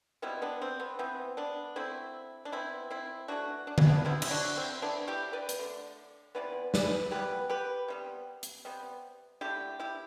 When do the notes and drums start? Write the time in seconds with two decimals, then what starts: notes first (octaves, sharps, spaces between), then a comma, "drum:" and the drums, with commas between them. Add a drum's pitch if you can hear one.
0.22 B2 G3 B3 C4 E4
0.42 B3 D4
0.62 C4
0.80 B3
0.99 E3 B3 C4
1.37 B3 D4
1.76 D3 A3 C4 E4
2.45 D4
2.52 E3 B3 C4 E4
2.90 C4 E4
3.28 E3 A3 D4 F#4
3.67 D4
3.78 E4, drum: tom D3
3.89 B3 D4
4.05 D3 G3 B3 C4 E4
4.22 E4, drum: cymbal
4.31 D4 F#4
4.56 C4 E4
4.82 E3 A3 B3 D4
5.07 E4 G4
5.33 B4 D5
5.49 drum: hi-hat
5.59 D3 A3
6.35 C3 E3 B3 B4 D5
6.74 B4 D5, drum: snare
7.11 E3 G3 B3 G4 B4
7.49 G4 B4
7.88 C3 G3 B3
8.43 drum: hi-hat
8.65 C3 G3 B3
9.41 D3 A3 E4 G4
9.79 E4 G4